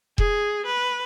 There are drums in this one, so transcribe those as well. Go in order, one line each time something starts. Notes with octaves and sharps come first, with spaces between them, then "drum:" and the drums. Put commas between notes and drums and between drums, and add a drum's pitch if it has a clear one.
G#4, drum: kick E1
B4